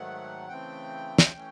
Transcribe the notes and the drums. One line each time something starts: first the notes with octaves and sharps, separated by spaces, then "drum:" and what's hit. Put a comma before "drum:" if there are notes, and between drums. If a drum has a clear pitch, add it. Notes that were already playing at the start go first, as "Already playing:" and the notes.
Already playing: G#2 D#3 F#3 A3 F#5
C#3 E3 A3 C4 G5
drum: snare
E3 A3 C#4